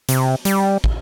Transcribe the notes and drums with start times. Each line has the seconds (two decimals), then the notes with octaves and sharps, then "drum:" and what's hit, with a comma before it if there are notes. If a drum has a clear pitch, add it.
0.09 C3, drum: hi-hat
0.45 G3, drum: hi-hat
0.84 drum: kick